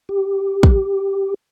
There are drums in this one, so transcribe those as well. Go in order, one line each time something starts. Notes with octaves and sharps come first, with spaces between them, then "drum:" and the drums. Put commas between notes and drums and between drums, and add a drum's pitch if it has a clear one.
G4
drum: kick